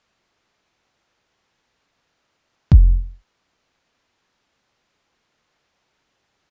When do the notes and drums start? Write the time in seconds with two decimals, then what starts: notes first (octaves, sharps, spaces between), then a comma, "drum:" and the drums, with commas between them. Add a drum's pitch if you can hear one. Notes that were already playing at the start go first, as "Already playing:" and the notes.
0.28 A3 E5
0.42 F5 G5 A5
0.63 D#4 E5
2.06 D#5 E5
2.72 drum: kick F1
5.03 A2 E4